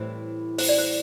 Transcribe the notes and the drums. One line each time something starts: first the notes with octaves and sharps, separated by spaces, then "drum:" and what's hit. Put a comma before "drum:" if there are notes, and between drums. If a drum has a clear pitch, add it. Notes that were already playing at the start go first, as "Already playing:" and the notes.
Already playing: A2 E3 G3 C4 E4 C5
C5, drum: open hi-hat
D5
C5